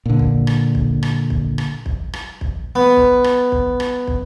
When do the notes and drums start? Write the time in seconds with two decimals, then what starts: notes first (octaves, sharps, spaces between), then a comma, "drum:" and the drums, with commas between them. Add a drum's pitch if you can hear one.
0.06 A#2 D3
0.19 drum: kick
0.47 drum: rim click
0.75 drum: kick
1.03 drum: rim click
1.30 drum: kick
1.58 drum: rim click
1.86 drum: kick
2.13 drum: rim click
2.41 drum: kick
2.76 B3
2.97 drum: kick
3.24 drum: rim click
3.52 drum: kick
3.80 drum: rim click
4.08 drum: kick